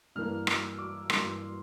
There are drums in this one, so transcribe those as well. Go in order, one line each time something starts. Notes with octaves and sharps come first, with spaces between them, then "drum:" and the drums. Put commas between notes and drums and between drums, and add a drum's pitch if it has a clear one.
G2 E3 A#3 D4 F6
E6, drum: rim click
D6
G2 E3 A#3 D4 C6, drum: rim click